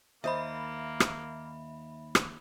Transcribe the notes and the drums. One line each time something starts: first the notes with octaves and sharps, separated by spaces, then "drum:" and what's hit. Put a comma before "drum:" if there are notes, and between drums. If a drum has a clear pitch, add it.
D#2 A#3 C5 D#5 E5 B5
drum: rim click
drum: rim click